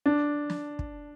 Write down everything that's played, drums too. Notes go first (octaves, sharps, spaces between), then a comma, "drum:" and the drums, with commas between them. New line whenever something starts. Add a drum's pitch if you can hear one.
D4
drum: snare
drum: kick